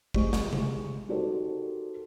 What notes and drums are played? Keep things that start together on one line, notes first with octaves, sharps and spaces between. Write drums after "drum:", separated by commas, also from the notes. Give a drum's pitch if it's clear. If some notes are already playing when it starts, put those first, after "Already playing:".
G#3 G4 C5 C#6, drum: kick
drum: snare
drum: tom C3
D#4 F#4 G4 A4 A#4 C5